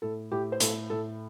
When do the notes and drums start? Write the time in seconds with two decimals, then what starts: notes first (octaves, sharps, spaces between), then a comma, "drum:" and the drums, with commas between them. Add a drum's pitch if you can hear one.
0.02 A2 A4
0.32 A2 G4
0.52 C5
0.60 A2 A4, drum: hi-hat
0.90 A2 A4